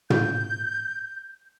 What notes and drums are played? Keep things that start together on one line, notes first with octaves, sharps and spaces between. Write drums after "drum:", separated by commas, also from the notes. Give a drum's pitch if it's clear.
G6, drum: tom